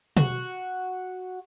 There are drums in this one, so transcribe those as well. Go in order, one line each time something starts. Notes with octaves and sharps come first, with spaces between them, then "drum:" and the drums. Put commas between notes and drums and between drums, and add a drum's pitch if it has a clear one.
F#4, drum: tom